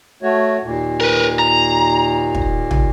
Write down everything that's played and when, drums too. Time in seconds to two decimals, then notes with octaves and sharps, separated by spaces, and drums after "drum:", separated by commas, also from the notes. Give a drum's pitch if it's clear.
0.23 A3 F#4 C#5
0.63 D#2 A#2
1.01 A#4 B4
1.39 A#5
2.35 drum: kick
2.71 drum: tom